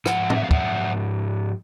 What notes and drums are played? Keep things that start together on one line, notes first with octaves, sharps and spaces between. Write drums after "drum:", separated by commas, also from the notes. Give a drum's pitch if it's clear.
G#2 F3 F#5, drum: rim click
D#5, drum: tom A2
E5
F5
E5 F#5, drum: kick